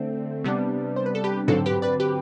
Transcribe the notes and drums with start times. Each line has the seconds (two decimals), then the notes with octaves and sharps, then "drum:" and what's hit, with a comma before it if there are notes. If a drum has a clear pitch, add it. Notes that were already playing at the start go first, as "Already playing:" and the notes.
Already playing: D3 A3 C4
0.44 C3 G3 B3 D4
0.96 C5
1.06 B4
1.15 A4
1.24 G4 B4
1.48 D3 F#3 C4 F#4 A4, drum: tom G#2
1.66 G4 B4
1.82 B4 D5
2.00 G4 B4